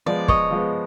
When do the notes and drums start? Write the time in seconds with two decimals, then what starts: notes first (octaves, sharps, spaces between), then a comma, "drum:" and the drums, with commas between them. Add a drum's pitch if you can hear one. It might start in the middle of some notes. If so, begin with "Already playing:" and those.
0.06 F3 G#3 B3 D5
0.28 C#5 D#5, drum: kick
0.51 F3 G#3 B3